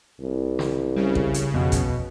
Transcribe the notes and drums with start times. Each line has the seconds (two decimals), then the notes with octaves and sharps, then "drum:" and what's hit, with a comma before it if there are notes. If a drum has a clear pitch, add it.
0.20 C2
0.59 drum: snare
0.97 C#3 G3
1.15 drum: kick A1
1.34 drum: hi-hat
1.54 F2 B2
1.72 drum: kick A1, hi-hat